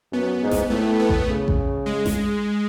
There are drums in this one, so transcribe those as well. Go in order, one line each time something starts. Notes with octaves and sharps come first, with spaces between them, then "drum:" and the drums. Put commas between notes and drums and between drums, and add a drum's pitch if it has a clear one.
F#2 B3
G#2
drum: snare A1
A2 A3
B3
drum: kick A1
C#3
drum: kick A1
G#3
drum: snare A1